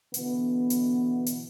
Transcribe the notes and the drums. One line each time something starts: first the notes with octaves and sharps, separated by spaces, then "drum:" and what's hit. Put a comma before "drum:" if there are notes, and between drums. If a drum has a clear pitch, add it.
B2 D3 E3 B3, drum: hi-hat
drum: hi-hat
drum: hi-hat